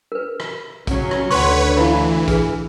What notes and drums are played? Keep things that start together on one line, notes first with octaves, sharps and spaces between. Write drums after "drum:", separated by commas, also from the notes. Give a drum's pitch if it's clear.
A#4 B4
drum: rim click
C#3 F#3 C#4, drum: kick, hi-hat
drum: rim click
D2 D3 B4 C#5 F#5 C6 C#6
E3 E4 F5 B5
G#4 B4, drum: kick, hi-hat